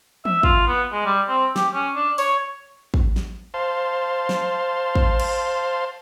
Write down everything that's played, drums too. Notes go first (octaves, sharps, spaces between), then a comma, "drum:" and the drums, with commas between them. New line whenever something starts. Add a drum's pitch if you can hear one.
E5, drum: tom E3
F4, drum: kick
B3
G#3
G3
C4
G4, drum: snare
C#4
D4
C#5, drum: open hi-hat
drum: kick
drum: snare
C5 F5 A5 C6
drum: snare
drum: kick
drum: cymbal